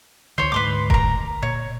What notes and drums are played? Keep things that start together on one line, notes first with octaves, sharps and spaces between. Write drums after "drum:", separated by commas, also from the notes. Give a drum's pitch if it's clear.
D2 D#3 C5 C#5
D2 G#2 A3 B4 C6 D6
A#4 A#5, drum: kick F1
A#2 C#5